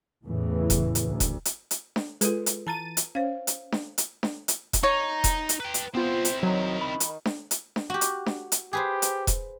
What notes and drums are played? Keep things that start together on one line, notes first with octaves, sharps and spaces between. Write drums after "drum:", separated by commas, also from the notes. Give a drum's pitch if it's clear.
E2 A2 C#3 E3
drum: kick E1, hi-hat
drum: hi-hat
D2
drum: kick E1, hi-hat
drum: hi-hat
drum: hi-hat
drum: snare D4
G#3 F4 A4 B4, drum: hi-hat
drum: hi-hat
E3 A5 A#5 A6 D#7
drum: hi-hat
C#4 C5 F5
drum: hi-hat
drum: snare D4
drum: hi-hat
drum: snare D4
drum: hi-hat
drum: kick E1, hi-hat
D#4 C#5 A#5
drum: kick E1, hi-hat
drum: hi-hat
B4 G5
drum: hi-hat
B3 C4 E4 F4 C5
drum: hi-hat
D#3 F#3
B5
drum: hi-hat
drum: snare D4
drum: hi-hat
drum: snare D4
F#4 G4
drum: hi-hat
drum: snare D4
drum: hi-hat
G4 G#4 B4 C5
drum: hi-hat
drum: kick E1, hi-hat